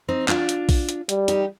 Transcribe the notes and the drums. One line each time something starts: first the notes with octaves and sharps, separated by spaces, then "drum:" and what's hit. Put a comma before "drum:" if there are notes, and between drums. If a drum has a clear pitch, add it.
C4 D#4
D4 F4, drum: clap
drum: hi-hat
drum: kick A#1, open hi-hat
drum: hi-hat
G3, drum: hi-hat
D#4 G4, drum: hi-hat